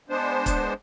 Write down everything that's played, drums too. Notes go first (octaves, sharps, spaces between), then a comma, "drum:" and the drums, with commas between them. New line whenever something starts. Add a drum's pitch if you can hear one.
G#3 B3 D4 C5
drum: kick, hi-hat